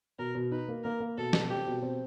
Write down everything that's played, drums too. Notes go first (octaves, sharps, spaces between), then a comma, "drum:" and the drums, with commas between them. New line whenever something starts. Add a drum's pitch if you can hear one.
B2 A#4
B2
D#4 B4
A#3
A#3 A#4
A#3
B2 A4
B2, drum: snare
C4 G4
B2
C4